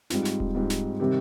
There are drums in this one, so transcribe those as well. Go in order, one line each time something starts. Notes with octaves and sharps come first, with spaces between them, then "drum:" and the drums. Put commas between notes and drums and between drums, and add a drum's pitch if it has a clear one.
G#2 G3 C4 F4, drum: snare
drum: snare
drum: kick D#1
G#2 G3 C4 F4
drum: snare
C3 D#3 G3 C4 G4